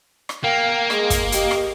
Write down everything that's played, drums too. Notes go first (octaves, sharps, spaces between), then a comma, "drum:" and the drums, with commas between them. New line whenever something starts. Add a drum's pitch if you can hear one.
drum: rim click
A#3 F5 G5
G#3, drum: rim click
drum: kick, hi-hat
G4 D#5, drum: hi-hat
drum: rim click